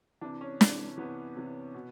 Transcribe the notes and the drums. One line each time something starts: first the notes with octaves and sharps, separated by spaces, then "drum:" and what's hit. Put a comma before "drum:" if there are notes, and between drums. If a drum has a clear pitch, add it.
C3 E3 D4
C#4
C3 E3, drum: snare
C3 E3 B3
C3 E3
B2